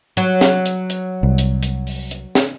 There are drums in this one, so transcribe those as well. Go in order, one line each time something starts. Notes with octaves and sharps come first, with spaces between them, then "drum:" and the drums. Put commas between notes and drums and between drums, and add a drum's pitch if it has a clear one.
F#3, drum: hi-hat
drum: snare
drum: hi-hat
drum: hi-hat
C2
drum: hi-hat
drum: hi-hat
drum: open hi-hat
drum: hi-hat
drum: snare